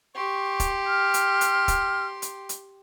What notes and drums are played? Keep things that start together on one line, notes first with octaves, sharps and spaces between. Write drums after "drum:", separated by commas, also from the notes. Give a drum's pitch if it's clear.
G4 C6 C#6
drum: kick, hi-hat
F6
drum: hi-hat
drum: hi-hat
drum: kick, hi-hat
drum: hi-hat
drum: hi-hat